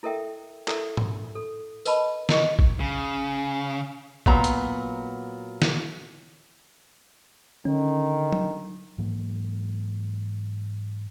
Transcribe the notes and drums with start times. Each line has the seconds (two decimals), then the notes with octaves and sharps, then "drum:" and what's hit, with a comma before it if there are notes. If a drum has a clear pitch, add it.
0.03 E4 A4 A#4 E5 G5
0.68 E4 A4 A#4 E5, drum: clap
0.97 drum: tom G#2
1.35 A4
1.85 A#4 B4 D#5 A5 B5, drum: tambourine
2.29 E4 A#4 D#5 C#6 D6, drum: snare
2.59 drum: kick A1
2.80 C#3
4.26 A#2 F#3 B3 A#5, drum: kick A1
4.44 drum: hi-hat
5.62 drum: snare
7.65 D3 D#3 C#4
8.33 drum: tom F#3
8.98 G#2 E3 F#3 A#3